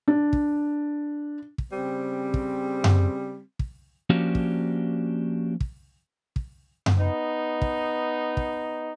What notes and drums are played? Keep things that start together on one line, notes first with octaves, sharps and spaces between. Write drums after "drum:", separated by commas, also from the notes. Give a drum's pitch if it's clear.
D4
drum: kick
drum: kick
C#3 G3 C4
drum: kick
drum: tom F#2
drum: kick
F3 A#3 C#4 D4 F#4 G4
drum: kick
drum: kick
drum: kick
drum: tom F#2
B3 D#4
drum: kick
drum: kick